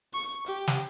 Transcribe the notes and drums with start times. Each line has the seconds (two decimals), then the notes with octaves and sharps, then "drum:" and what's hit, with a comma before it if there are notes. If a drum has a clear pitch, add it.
0.14 C#6
0.47 G4
0.67 drum: snare